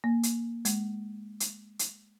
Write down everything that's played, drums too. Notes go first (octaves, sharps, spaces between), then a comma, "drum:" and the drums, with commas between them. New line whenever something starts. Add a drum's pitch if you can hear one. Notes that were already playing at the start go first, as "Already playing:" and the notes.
A#3
drum: hi-hat
G#3, drum: hi-hat
drum: hi-hat
drum: hi-hat